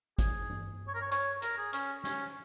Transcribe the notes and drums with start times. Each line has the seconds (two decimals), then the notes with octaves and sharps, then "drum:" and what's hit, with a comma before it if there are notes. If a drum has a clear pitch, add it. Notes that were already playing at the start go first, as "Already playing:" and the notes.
0.19 G#4, drum: kick, hi-hat
0.50 drum: tom G2
0.87 C#5
0.94 A#4
1.01 C#5
1.11 C#5, drum: hi-hat
1.42 A#4, drum: hi-hat
1.58 G#4
1.73 C#4, drum: hi-hat
2.04 C#4, drum: snare